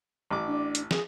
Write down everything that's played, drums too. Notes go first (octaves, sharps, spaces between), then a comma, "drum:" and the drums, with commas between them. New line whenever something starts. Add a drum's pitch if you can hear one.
A1 D6
D4
drum: hi-hat
G#4, drum: snare